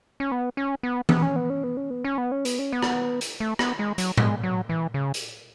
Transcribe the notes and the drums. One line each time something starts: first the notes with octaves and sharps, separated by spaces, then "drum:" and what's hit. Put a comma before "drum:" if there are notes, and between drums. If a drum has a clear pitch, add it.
C#4
B3
C#4
B3
B3, drum: tom E3
C#4
B3
C#4
B3
C#4
B3
C#4
B3
C#4
B3, drum: hi-hat
C#4
B3
drum: rim click
drum: hi-hat
A3
B3, drum: rim click
G#3
F#3, drum: hi-hat
G#3, drum: tom A2
F#3
E3
C#3
drum: hi-hat